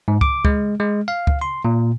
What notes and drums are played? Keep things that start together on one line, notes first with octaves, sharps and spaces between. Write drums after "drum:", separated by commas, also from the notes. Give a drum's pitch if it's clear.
G#2
D6, drum: kick
G#3, drum: kick
G#3
F5
drum: kick
C6
A#2